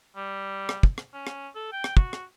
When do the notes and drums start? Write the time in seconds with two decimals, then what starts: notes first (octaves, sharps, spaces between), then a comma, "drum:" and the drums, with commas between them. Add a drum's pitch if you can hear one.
0.16 G3
0.69 drum: rim click
0.83 drum: kick
0.98 drum: rim click
1.14 C#4
1.27 drum: rim click
1.55 A4
1.72 G5
1.84 drum: rim click
1.97 F#4, drum: kick
2.13 drum: rim click